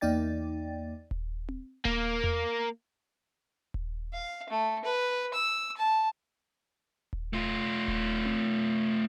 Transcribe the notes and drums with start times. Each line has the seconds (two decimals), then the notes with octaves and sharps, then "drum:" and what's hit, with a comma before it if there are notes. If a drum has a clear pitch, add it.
0.01 E2 A#3 D#4 D5 G5 A6
1.11 drum: kick D#1
1.49 drum: tom C4
1.85 A#3, drum: kick D#1
2.24 drum: tom E2
3.74 drum: kick D#1
4.13 F5
4.49 A3
4.85 B4
5.34 E6
5.77 A5
7.13 drum: kick D#1
7.33 A3 F4
7.88 drum: kick D#1
8.25 drum: tom C4